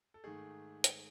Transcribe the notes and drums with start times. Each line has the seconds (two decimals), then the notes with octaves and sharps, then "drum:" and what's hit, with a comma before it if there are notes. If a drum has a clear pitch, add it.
0.14 A4
0.24 G#2 D#3 A3 G#4
0.84 drum: hi-hat